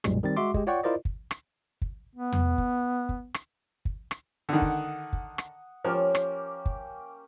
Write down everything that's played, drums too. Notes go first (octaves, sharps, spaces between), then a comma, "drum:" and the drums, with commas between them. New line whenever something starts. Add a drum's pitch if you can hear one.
B1 F#2 A#2 G3 G#3, drum: rim click
D#3 G3 C4 A6
G#3 F#4 E5 C6 D6
G#3 G4, drum: kick
F4 C#5 D5 F#5 G5 C#6
E4 F4 A#4 C5 D5 D#5
drum: kick
drum: rim click
drum: kick
B3
drum: tom E2
drum: kick
drum: kick
drum: rim click
drum: kick
drum: rim click
D3 D#3 F#5 D#6
drum: kick
drum: kick
drum: rim click
F3 A#3 C#4 G4
drum: rim click
drum: kick